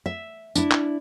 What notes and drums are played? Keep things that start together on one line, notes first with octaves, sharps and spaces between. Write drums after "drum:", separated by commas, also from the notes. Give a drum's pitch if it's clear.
E5
D4 E4, drum: tambourine
drum: clap